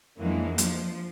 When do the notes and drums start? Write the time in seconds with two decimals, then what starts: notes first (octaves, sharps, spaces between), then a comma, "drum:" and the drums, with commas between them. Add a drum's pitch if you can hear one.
0.19 F2 E3 F#3 G#3 A#3 D4
0.58 F3, drum: hi-hat